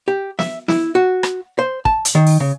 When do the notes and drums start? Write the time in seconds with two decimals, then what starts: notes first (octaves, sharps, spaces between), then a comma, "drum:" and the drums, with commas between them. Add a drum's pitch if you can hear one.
0.08 G4
0.39 E5, drum: snare
0.68 E4, drum: snare
0.95 F#4
1.23 drum: rim click
1.59 C5
1.85 A5, drum: kick
2.05 drum: hi-hat
2.15 D#3
2.27 drum: open hi-hat
2.40 C#3